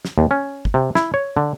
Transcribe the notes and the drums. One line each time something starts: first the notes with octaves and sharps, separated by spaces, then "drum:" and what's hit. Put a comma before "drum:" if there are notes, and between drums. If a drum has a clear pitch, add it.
drum: snare
D#2
C#4
drum: kick
C3
E4, drum: snare
C#5
D3